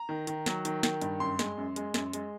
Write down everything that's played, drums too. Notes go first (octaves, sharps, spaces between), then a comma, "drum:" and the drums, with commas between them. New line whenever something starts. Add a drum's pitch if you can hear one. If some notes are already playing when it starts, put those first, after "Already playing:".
Already playing: A#5
D#3
D#3, drum: hi-hat
F#3, drum: snare
D#3, drum: hi-hat
D#3, drum: snare
G2, drum: hi-hat
F#2 C6
G#3, drum: snare
F#2
G#3, drum: hi-hat
F#2, drum: snare
G#3, drum: hi-hat